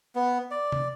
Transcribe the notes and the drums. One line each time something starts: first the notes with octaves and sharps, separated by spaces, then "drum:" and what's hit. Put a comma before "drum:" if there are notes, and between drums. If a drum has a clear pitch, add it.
B3
D5
drum: tom C3